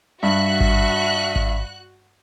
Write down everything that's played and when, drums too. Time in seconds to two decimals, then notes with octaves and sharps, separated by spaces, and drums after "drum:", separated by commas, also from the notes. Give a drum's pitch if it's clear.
0.23 G2 F#4 E5 F#6
0.61 drum: kick G#1
1.36 drum: kick G#1